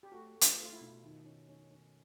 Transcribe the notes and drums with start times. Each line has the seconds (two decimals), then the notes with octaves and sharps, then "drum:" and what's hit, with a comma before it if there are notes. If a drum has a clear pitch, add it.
0.03 G4
0.12 A3 F#4
0.35 A3
0.41 F4, drum: hi-hat
0.57 A3
0.63 F4
0.72 E4
0.81 B2
1.03 D#3
1.25 C#4
1.49 C#4
1.71 C#4